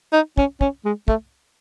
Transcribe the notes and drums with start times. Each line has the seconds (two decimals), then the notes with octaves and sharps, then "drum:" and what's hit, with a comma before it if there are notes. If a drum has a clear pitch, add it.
0.13 D#4
0.38 C#4, drum: kick
0.61 C#4, drum: kick
0.85 G#3
1.08 A3, drum: kick